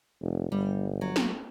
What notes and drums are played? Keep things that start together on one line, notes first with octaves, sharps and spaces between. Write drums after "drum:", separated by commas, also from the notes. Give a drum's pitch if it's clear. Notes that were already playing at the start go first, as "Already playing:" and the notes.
F1
G1 G3
F#3
drum: snare